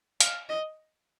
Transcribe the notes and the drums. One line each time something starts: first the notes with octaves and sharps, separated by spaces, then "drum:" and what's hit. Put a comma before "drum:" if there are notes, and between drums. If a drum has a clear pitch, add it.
F5, drum: hi-hat
D#5